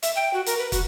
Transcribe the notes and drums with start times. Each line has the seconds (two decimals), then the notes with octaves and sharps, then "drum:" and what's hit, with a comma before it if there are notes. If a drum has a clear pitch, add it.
0.03 E5, drum: hi-hat
0.16 G5
0.33 F#4
0.46 A#4, drum: hi-hat
0.58 B4
0.72 F#4, drum: kick, hi-hat